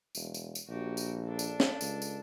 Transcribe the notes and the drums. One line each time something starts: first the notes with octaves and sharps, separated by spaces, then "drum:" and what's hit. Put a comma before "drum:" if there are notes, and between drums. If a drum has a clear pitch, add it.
E1, drum: tambourine
drum: tambourine
drum: tambourine
A#1 F#4 G4
drum: tambourine
D4 A4
drum: tambourine
drum: snare
C#2, drum: tambourine
drum: tambourine